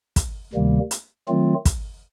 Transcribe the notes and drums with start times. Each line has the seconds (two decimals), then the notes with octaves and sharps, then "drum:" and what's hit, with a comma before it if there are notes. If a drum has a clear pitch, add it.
0.16 drum: kick, hi-hat
0.53 D2 C3 D#3 G3 A#3
0.91 drum: hi-hat
1.28 D#3 F#3 A3 C4 F4
1.65 drum: kick, hi-hat